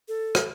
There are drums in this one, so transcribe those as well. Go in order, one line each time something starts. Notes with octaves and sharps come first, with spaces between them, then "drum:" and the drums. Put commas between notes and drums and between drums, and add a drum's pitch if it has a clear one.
A4
drum: rim click